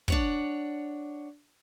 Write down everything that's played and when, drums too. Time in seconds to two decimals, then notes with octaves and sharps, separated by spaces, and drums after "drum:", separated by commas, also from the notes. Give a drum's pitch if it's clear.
0.08 D4 C#5 F#5, drum: kick